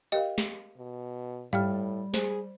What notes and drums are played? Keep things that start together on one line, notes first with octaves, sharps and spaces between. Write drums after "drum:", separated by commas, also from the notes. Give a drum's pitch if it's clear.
G4 A#4 D#5 F5 G5
drum: snare
B2
A2 G3 G4 F5 G5 F6, drum: tom G2
G#4 C5, drum: snare